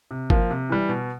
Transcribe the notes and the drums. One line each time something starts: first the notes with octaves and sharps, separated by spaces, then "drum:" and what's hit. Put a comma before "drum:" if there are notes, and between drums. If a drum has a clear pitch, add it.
C3
F3 A#3, drum: kick G1
C3
E3 G3
B2